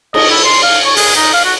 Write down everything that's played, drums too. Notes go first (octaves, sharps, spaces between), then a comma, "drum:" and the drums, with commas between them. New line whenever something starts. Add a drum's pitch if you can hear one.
D#5, drum: cymbal
E4
C6
F5
C#5
G#4, drum: open hi-hat
D#4
F5
F#4